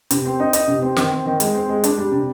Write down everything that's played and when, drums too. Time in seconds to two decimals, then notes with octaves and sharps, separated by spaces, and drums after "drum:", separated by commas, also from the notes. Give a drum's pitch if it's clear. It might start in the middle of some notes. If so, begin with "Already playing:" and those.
0.11 C3, drum: hi-hat
0.25 C4
0.40 D#4
0.53 D#4, drum: hi-hat
0.68 C3
0.82 C4
0.96 D#3, drum: snare
1.11 C4
1.26 D#3
1.40 G#3, drum: hi-hat
1.54 C4
1.69 G#3
1.84 D4, drum: hi-hat
1.98 G3
2.12 C3